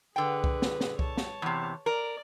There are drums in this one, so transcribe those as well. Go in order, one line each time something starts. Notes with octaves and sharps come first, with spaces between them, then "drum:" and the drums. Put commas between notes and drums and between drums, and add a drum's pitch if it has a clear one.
D3 G#4 B4 G5
drum: kick C2
drum: snare
drum: snare
C#5 A5, drum: kick C2
drum: snare
E2 C3
A#4 D5